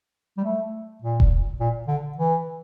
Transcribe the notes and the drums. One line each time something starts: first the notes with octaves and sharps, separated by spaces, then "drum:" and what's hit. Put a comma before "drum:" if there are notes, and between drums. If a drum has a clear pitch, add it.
G3
A3
A#2
drum: kick E1
A#2
D3
E3